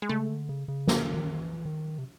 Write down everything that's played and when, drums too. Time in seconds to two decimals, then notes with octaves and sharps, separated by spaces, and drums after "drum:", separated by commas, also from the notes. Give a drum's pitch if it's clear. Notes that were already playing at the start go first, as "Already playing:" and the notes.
0.02 G#3
0.09 C#3 A3
0.30 D3
0.49 C#3
0.68 C#3
0.87 D3 A#3, drum: snare
1.14 D#3
1.40 E3
1.65 D#3
1.98 C3